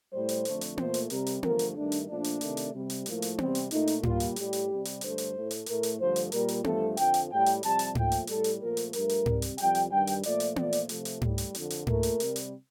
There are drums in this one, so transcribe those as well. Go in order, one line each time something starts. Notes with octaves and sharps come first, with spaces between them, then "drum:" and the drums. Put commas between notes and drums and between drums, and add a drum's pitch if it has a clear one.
A2 G3 C5
drum: hi-hat
F2 D3 A3, drum: hi-hat
drum: hi-hat
A#2 A3 C5, drum: tom B3
drum: hi-hat
C3 G3 A#4, drum: hi-hat
drum: hi-hat
G2 D3 F3 A3 A#4, drum: tom B3
drum: hi-hat
G2 D#3 A3 D4
drum: hi-hat
A#2 F3 A3 D4
drum: hi-hat
C3 D#3 A3, drum: hi-hat
drum: hi-hat
C3 G3
drum: hi-hat
A2 F3 A3 A#3, drum: hi-hat
drum: hi-hat
C3 G3 C4, drum: tom B3
drum: hi-hat
A#2 A3 D#4, drum: hi-hat
drum: hi-hat
A#2 G3 F4, drum: tom G#2
drum: hi-hat
A2 G3 G4, drum: hi-hat
drum: hi-hat
C3 G3
drum: hi-hat
G2 D3 A3 C5, drum: hi-hat
drum: hi-hat
A2 A3
drum: hi-hat
A2 A3 A#4, drum: hi-hat
drum: hi-hat
G2 D3 F3 A3 C5
drum: hi-hat
A#2 G3 A#4, drum: hi-hat
drum: hi-hat
G2 F3 A3 A4, drum: tom B3
F2 D3 F3 G5, drum: hi-hat
drum: hi-hat
A2 G3 G5
drum: hi-hat
F2 C3 G3 A5, drum: hi-hat
drum: hi-hat
A#2 F3 A3 G5, drum: tom G#2
drum: hi-hat
A2 G3 A4, drum: hi-hat
drum: hi-hat
A#2 F3 A3 A#4
drum: hi-hat
G2 F3 A3 A#4, drum: hi-hat
drum: hi-hat
C3 G3, drum: tom G#2
drum: hi-hat
F2 C3 G3 G5, drum: hi-hat
drum: hi-hat
G2 D#3 G3 G5
drum: hi-hat
A#2 F3 A3 D5, drum: hi-hat
drum: hi-hat
A#2 F3 A3 D5, drum: tom B3
drum: hi-hat
C3 F3 A3, drum: hi-hat
drum: hi-hat
A2 G3, drum: tom G#2
drum: hi-hat
F2 D3 F3, drum: hi-hat
drum: hi-hat
A#2 A3 A#4, drum: tom G#2
drum: hi-hat
C3 G3, drum: hi-hat
drum: hi-hat